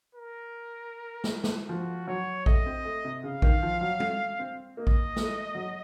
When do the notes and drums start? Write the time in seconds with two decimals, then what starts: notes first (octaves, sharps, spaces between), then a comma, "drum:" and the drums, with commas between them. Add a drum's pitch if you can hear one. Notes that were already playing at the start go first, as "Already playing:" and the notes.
0.15 A#4
1.24 drum: snare
1.44 drum: snare
1.69 F3 F#4
2.07 F#3 C#5
2.46 A3 D#5, drum: kick A1
2.66 C4
2.85 A3
3.05 C3
3.23 C#3 F5
3.42 D#3, drum: kick A1
3.62 F3
3.81 F#3
4.00 A3, drum: tom G3
4.39 C4
4.77 A#3 D#5
4.87 drum: kick A1
5.16 A3, drum: snare
5.55 F#3